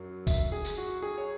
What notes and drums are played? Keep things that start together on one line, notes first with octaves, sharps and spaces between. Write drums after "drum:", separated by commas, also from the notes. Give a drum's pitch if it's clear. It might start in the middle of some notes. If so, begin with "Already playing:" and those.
Already playing: F#2 F#3
E5, drum: kick, tambourine
G#4
drum: tambourine
F#4
G#4
C#5